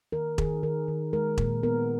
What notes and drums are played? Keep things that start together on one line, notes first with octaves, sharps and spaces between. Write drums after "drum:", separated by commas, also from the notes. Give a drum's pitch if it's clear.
D#3 A#4
D#3 G#4, drum: kick E1
D#3 A#4
D#3
G#3 A#4
A#2, drum: kick E1
B3 A#4